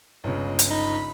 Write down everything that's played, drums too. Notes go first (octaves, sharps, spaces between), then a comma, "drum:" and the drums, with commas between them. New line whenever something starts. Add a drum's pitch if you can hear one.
G1 C#2 C#3 F4 C#5 D#5
drum: hi-hat
D#4 B5